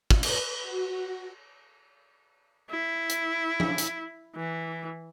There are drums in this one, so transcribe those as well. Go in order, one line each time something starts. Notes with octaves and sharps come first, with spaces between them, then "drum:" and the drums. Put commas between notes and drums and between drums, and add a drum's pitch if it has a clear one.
drum: kick
B4, drum: cymbal
F#4
E4
drum: hi-hat
drum: tom F3
drum: hi-hat
E3